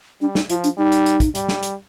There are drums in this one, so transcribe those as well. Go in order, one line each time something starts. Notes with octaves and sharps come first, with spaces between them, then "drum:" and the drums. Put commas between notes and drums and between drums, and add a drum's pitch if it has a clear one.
G3 D4
D#4, drum: snare
F3 F4, drum: hi-hat
D4, drum: hi-hat
G3 D#4
drum: hi-hat
drum: hi-hat
drum: kick, hi-hat
G3, drum: hi-hat
drum: snare
drum: hi-hat